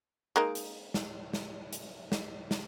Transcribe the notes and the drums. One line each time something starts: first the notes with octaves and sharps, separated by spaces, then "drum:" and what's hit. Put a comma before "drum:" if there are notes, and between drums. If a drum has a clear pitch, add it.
G#3 A#3 D#4
drum: hi-hat
drum: snare
drum: snare
drum: hi-hat
drum: snare
drum: snare